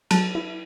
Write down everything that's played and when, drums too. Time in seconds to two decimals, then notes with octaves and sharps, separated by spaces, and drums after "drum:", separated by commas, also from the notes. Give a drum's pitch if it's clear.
0.11 F#3 A5, drum: cymbal
0.35 E4